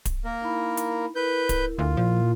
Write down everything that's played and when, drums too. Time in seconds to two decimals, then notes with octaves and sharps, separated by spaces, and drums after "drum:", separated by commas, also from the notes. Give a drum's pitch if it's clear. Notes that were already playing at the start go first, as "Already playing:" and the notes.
0.05 drum: kick D1, hi-hat
0.25 A#3 A#4
0.41 D#4 E4 B5
0.77 drum: hi-hat
1.16 E4 A#4 B4 G6
1.49 drum: kick D1, hi-hat
1.79 D2 F4
1.97 A#2 F3